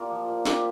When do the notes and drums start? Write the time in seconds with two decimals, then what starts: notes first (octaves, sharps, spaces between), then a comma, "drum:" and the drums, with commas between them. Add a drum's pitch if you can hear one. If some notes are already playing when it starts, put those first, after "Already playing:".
Already playing: A#2 F4 G4 A#4
0.10 F3
0.28 A#2
0.45 A#2 G4, drum: snare